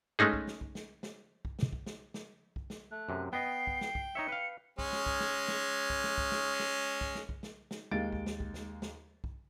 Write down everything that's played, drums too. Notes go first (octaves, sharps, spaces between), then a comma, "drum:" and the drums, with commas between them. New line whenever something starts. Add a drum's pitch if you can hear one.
G#3 A3 C#4 D#4 G#4
drum: kick B1
drum: snare
drum: kick B1
drum: snare
drum: snare
drum: kick B1
drum: snare
drum: kick B1
drum: snare
drum: snare
drum: kick B1
drum: snare
A3 F#6
F#2 C3
B3 D#5 G5 C7
drum: kick B1
drum: snare
drum: kick B1
D#4 C#5 E5 C#7
B4 F5
G#3 C#4, drum: kick B1
drum: snare
drum: kick B1
drum: snare
drum: snare
drum: kick B1
drum: snare
drum: kick B1
drum: snare
drum: snare
drum: kick B1
drum: snare
drum: kick B1
drum: snare
drum: snare
D#2 G#3 F5 A6 D7
drum: kick B1
drum: snare
drum: kick B1
drum: snare
drum: snare
drum: kick B1